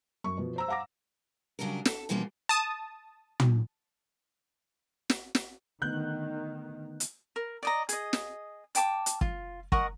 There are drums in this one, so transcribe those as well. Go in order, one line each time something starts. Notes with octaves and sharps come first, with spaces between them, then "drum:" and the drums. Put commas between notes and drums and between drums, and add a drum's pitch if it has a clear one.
F#2 C#6
B2 F3
C5 A#5 E6
F5 F#5 A#5 D6 A#6
C#3 F#3 G3 D4 A#4
A4, drum: snare
B2 E3 F3 G3 A#3 C#4
A5 D#6
drum: tom
drum: snare
drum: snare
D3 D#3 A3 B3 F#6 G6
drum: hi-hat
A#4
D5 D#5 A#5
G#4 D#5, drum: hi-hat
drum: snare
D5 G5 A5 D6, drum: hi-hat
drum: hi-hat
F4, drum: kick
A#4 D#5 F#5 C#6, drum: kick